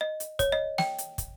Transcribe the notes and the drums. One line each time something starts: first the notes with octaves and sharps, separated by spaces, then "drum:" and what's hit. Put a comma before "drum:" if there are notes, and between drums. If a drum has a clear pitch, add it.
D#5
drum: hi-hat
C#5, drum: kick, hi-hat
D#5
G5, drum: snare
drum: hi-hat
drum: kick, hi-hat